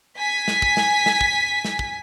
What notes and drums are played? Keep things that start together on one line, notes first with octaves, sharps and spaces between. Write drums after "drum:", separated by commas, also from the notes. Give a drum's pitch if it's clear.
G#5 B6
drum: snare
drum: kick
drum: snare
drum: snare
drum: kick
drum: snare
drum: kick